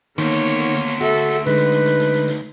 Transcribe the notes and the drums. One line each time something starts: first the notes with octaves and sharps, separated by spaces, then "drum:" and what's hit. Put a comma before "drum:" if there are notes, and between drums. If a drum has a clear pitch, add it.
D2 D#3 A#3 B3 C#5, drum: hi-hat
drum: hi-hat
drum: hi-hat
drum: hi-hat
drum: hi-hat
drum: hi-hat
F#4 A4 E5, drum: hi-hat
drum: hi-hat
drum: hi-hat
D3 G#3 D#4 B4, drum: hi-hat
drum: hi-hat
drum: hi-hat
drum: hi-hat
drum: hi-hat
drum: hi-hat
drum: hi-hat